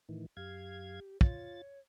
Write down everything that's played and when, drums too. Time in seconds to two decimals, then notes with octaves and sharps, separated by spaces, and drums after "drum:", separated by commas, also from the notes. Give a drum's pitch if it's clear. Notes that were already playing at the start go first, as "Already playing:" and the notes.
0.09 A2 D#3 E3
0.37 F#2 G4 F5 G#6
1.21 F4 C#5 A6, drum: kick